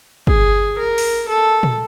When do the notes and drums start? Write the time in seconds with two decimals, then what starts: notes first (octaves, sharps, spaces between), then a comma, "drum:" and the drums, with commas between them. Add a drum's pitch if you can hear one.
0.27 G#4, drum: kick
0.78 A#4
0.98 drum: open hi-hat
1.28 A4
1.63 drum: tom A#2